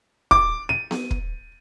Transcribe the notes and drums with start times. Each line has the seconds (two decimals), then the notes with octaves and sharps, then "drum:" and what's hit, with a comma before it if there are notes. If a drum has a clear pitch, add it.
0.31 D6, drum: kick
0.69 D#7
0.91 drum: snare B3
1.11 drum: kick